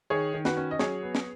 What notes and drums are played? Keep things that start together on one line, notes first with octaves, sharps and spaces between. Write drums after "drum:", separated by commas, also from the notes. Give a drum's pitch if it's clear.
D#3 G#4 C#5
D#3
F#4 B4, drum: snare
C#4
D#5
F#3 G#4 C#5, drum: snare
B3
drum: snare